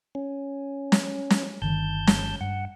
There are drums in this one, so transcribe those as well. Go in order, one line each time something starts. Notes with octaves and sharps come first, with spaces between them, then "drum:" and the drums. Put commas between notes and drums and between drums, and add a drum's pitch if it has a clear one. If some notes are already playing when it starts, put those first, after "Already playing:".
C#4
drum: snare
drum: snare
G1 D3 D#3 A5 G6
drum: snare
G2 F#5